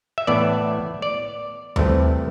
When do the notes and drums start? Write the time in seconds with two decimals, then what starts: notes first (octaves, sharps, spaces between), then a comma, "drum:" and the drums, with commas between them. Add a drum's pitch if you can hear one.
0.18 E5
0.27 A2 E3 B3 D5
1.02 D5
1.76 C2 C3 E3 A3 C4, drum: tom D#2